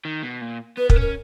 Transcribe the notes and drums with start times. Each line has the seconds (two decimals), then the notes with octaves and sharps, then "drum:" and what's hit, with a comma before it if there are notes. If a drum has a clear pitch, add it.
0.05 D#3
0.23 B2
0.41 A#2
0.77 B3 B4
0.90 A#4, drum: kick
0.96 C#4
1.01 A#4